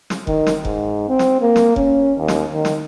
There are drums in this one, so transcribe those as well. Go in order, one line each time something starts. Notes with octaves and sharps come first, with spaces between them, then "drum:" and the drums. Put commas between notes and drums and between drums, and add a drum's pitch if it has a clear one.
drum: snare
D#3, drum: kick F1
drum: snare
G#2, drum: kick F1
C4
drum: snare
A#3
drum: snare
C#4, drum: kick F1
D#2
drum: snare
D#3
drum: snare